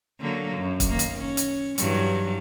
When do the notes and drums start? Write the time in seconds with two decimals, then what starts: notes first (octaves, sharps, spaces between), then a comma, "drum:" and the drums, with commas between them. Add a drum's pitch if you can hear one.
0.21 D3 F#3 A#3
0.58 F#2
0.80 drum: kick, hi-hat
0.89 D#3 A#3
0.99 drum: hi-hat
1.18 C#4
1.37 drum: hi-hat
1.78 G2 E3 F#3, drum: hi-hat